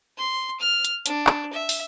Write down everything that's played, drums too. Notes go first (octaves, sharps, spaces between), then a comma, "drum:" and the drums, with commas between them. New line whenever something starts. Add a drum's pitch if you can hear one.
C6
F6
drum: hi-hat
D4, drum: hi-hat
drum: clap
E5
drum: open hi-hat